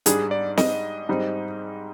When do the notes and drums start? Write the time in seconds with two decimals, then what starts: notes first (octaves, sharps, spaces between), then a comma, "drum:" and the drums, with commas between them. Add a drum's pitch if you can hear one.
0.06 G#2 G3 D4 G#4, drum: hi-hat
0.31 D5
0.57 D#5, drum: snare
1.09 G#2 G3 C4 D#4